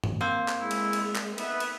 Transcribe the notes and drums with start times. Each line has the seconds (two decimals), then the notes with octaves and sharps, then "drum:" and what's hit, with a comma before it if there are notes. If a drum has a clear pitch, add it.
0.04 drum: tom G2
0.21 A#3 C4
0.48 drum: clap
0.60 G#3 E4
0.71 drum: cymbal
0.93 drum: cymbal
1.16 drum: clap
1.38 B3 D#4 B4 E5, drum: cymbal
1.60 drum: cymbal